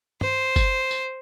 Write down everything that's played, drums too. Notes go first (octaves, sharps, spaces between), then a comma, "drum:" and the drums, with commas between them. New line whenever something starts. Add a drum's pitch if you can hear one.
C5, drum: tom
drum: kick G1, tambourine
drum: tambourine